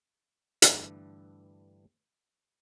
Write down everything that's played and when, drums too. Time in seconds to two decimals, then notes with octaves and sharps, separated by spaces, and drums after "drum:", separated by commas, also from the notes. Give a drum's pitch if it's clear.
0.62 G2 D3 E3 A3, drum: hi-hat